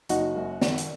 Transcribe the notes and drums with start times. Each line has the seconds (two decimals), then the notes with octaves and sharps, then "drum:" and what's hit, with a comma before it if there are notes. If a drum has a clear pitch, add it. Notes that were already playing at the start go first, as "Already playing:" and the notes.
0.09 F#1 D#4 F#4, drum: hi-hat
0.36 F#2
0.61 D#3, drum: snare
0.78 drum: hi-hat